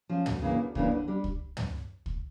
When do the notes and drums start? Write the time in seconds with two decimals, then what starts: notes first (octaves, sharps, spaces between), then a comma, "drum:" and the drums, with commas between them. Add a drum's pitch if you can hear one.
0.09 F3 C#4
0.26 D2, drum: tom
0.42 C#3 E3 A#3 D4
0.58 D2
0.75 C#3 E3 A#3 D4, drum: kick
0.91 D3
1.08 G3 D4
1.24 drum: kick
1.57 drum: tom
2.06 drum: kick